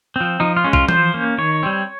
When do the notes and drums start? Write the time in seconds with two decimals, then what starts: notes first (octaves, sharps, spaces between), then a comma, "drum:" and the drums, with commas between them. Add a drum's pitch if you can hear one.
0.16 F3 C4
0.40 F3 D#4
0.57 F4
0.64 G#3 C#4
0.73 F4, drum: kick B1
0.89 F3 C5, drum: tom E3
1.14 A#3 C#4
1.38 D#3 C#5
1.63 G3 C4